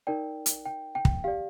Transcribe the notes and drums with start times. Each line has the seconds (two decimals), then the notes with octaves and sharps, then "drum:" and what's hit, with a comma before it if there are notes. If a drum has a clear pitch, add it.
0.07 D#4 A#4 D5 G5
0.46 drum: hi-hat
0.65 G5
0.95 G5
1.05 drum: kick
1.24 G4 D5 F5